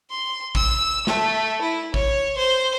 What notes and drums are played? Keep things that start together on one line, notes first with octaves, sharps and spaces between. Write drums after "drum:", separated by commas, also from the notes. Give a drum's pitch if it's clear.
C6
E6, drum: kick A1
A3, drum: snare
E4
C#5, drum: kick A1
C5